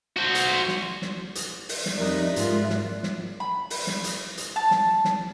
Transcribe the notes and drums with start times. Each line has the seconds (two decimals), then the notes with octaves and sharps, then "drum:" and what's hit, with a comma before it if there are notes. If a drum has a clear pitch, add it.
0.17 F#4 C5
0.35 drum: hi-hat
0.68 drum: snare
1.02 drum: snare
1.35 drum: hi-hat
1.69 drum: open hi-hat
1.86 drum: snare
1.98 F2 G3 C#4 D#4 A#4 D5 E5 F#6
2.36 G#2 G#3 F4, drum: hi-hat
2.70 drum: snare
3.03 drum: snare
3.40 B5
3.70 drum: open hi-hat
3.87 drum: snare
4.04 drum: hi-hat
4.37 drum: hi-hat
4.56 A5
4.71 drum: snare
5.05 drum: snare